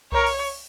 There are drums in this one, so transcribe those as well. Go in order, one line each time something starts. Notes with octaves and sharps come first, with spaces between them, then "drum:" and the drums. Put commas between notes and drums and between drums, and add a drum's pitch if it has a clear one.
A#4 C#5, drum: kick C2
drum: open hi-hat